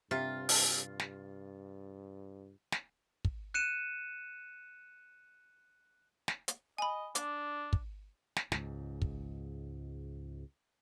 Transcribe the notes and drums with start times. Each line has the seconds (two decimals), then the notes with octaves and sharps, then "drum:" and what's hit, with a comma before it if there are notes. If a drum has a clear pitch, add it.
0.11 G2 C3 F4
0.49 drum: open hi-hat
0.99 drum: snare
2.72 drum: snare
3.25 drum: kick
3.54 F#6 C#7 D#7 E7
6.28 drum: snare
6.48 drum: hi-hat
6.78 D#5 G#5 B5
7.15 D4 D6, drum: hi-hat
7.73 drum: kick
8.36 drum: snare
8.52 C#2 G#2, drum: snare
9.02 drum: kick